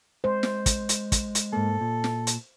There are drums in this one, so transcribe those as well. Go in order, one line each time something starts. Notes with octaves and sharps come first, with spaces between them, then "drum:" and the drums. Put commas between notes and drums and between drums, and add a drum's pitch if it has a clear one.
G#3 C5
drum: snare
drum: kick, hi-hat
drum: hi-hat
drum: kick, hi-hat
drum: hi-hat
G#2 A#3 A4
A#2
drum: snare
drum: hi-hat